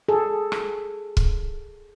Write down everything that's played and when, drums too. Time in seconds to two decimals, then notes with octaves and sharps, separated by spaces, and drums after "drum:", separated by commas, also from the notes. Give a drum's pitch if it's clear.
0.08 G#4 A4
0.52 drum: rim click
1.17 drum: kick